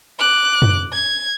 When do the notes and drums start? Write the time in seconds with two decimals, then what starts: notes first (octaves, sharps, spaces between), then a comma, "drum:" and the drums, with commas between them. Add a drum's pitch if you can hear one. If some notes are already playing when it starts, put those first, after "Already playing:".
0.19 D6 F#6
0.62 drum: tom
0.93 G#6